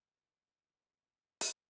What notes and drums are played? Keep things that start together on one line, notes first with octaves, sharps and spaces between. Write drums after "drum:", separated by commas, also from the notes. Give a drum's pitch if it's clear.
F3
A#3
G#3
F3
D#3
drum: hi-hat